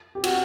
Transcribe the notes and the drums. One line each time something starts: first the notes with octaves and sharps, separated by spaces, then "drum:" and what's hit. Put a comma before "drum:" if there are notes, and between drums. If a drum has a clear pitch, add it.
G4
F#4, drum: cymbal